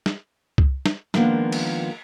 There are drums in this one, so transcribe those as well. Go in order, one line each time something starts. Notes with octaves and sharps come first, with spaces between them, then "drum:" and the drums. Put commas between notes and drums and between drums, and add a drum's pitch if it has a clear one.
drum: snare
drum: kick C2
drum: snare
D#3 F3 G#3 A#3 B3 D4, drum: snare
drum: cymbal